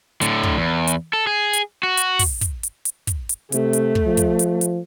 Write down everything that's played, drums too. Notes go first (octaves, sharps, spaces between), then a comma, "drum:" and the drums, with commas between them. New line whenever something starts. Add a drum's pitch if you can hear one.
A2 D3, drum: hi-hat
drum: kick
E2
drum: hi-hat
A4
G#4
drum: hi-hat
F#4
drum: hi-hat
drum: kick, open hi-hat
drum: kick, hi-hat
drum: hi-hat
drum: hi-hat
drum: kick, hi-hat
drum: hi-hat
C3 A3, drum: hi-hat
drum: hi-hat
drum: kick
F3
drum: kick, hi-hat
drum: hi-hat
drum: hi-hat